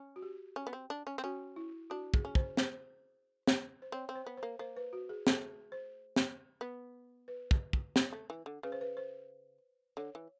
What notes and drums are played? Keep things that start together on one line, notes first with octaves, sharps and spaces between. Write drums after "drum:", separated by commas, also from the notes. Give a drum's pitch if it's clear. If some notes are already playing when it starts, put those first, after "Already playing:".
Already playing: C#4
F#4
G4
C#4
B3
C4
D4
C#4
C4
C#4 F#4
E4
D4 F#4
G#4, drum: kick
C#4
C5, drum: kick
C5, drum: snare
drum: snare
C5
C4 C#5
C4
C5
B3
C5
A#3
A#3 C5
B4
F#4
G#4
A3 G#4, drum: snare
C5
drum: snare
B3
B4
drum: kick
drum: kick
drum: snare
A3
E3
D3
C#3 B4
C5
B4
C5
D3 C#5
E3